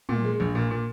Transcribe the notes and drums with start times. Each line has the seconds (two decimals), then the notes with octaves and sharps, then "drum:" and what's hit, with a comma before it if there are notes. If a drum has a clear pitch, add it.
0.09 A#2, drum: tom
0.25 G#3
0.40 A#1
0.55 A#2
0.71 A#2